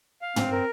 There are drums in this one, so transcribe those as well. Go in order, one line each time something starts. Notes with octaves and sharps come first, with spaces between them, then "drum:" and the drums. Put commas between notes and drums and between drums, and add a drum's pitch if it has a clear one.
F5
C4, drum: tom
A#4